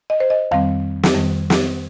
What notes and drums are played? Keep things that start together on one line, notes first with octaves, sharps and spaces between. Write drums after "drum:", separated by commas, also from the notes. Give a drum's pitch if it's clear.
D#5
C5
D#5
F2 D#3 G3 C4 F5
drum: snare
F2 D#3 G3
drum: snare